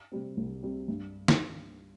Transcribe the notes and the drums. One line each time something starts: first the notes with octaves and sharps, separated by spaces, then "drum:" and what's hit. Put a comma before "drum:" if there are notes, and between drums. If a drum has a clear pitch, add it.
C3 G3 C4
C2
C3 G3 C4
G2
drum: snare